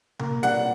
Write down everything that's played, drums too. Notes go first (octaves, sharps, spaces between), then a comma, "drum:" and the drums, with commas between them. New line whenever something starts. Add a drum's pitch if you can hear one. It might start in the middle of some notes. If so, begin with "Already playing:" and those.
A#3, drum: tom C3
G3 F#5, drum: hi-hat